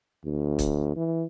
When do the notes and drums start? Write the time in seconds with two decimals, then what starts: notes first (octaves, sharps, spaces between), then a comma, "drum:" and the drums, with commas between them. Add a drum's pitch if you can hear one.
0.26 D2
0.59 drum: kick, hi-hat
0.96 E3